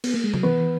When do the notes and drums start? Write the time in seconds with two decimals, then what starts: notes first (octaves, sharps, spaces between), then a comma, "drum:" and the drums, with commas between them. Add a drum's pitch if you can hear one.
0.04 B3, drum: cymbal
0.14 A#3
0.24 G#3
0.34 F#3, drum: tom C3
0.43 E3 B3